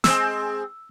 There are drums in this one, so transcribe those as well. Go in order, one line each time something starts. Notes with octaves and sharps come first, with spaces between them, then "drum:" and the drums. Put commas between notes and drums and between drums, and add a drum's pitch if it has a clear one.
G#3 C4 E6, drum: snare